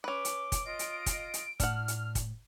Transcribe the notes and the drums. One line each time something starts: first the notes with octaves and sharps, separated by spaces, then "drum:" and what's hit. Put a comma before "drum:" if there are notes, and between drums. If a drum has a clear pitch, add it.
C#4 B4 D6
drum: hi-hat
drum: kick, hi-hat
F4 D#5 D7
drum: hi-hat
drum: kick, hi-hat
drum: hi-hat
A2 D4 F#5 F6, drum: kick, hi-hat
drum: hi-hat
drum: kick, hi-hat